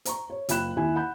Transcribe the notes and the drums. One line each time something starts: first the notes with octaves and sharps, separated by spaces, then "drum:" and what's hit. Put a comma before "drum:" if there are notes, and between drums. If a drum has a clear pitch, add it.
C5 A#5 C#6, drum: hi-hat
C#5
F#1 F4 G5 B5 F#6 E7, drum: hi-hat
D#2 E4 G#5
F#5 B5 G6